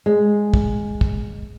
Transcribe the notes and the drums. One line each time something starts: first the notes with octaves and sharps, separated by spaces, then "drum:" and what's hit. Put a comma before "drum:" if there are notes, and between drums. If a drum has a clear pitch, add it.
G#3
drum: kick
drum: kick